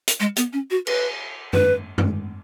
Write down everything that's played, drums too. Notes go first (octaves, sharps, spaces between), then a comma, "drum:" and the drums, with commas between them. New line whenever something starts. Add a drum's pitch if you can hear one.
drum: hi-hat
G#3
B3, drum: hi-hat
C#4
F#4
B4, drum: cymbal
B4, drum: tom F#2
drum: tom F#2